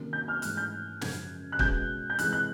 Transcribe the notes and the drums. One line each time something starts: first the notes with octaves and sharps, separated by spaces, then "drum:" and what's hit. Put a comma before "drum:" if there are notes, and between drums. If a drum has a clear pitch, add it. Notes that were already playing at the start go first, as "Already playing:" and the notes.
Already playing: C3 D#3 F#3 A#3 C#4
G6
F6
G#2 E3 A3 C#4 F#6, drum: hi-hat
G6
F#2 C#3 F3 G#6, drum: snare
F#6
B2 G#3 C#4 G6, drum: kick
G6
C3 E3 G#3 F#6, drum: hi-hat
F#6